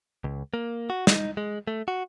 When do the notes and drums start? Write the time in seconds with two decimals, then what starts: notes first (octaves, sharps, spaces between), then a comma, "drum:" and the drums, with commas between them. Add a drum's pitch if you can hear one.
0.24 C#2
0.54 A#3
0.90 F#4
1.07 D#4, drum: snare
1.37 G#3
1.67 A3
1.88 F#4